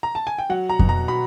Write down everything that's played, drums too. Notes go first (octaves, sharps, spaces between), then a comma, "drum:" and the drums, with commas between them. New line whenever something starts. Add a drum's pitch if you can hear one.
A#5
A5
G#5
G5
F#3 F#5
A#5
B2, drum: kick F2
A#5
B2 B5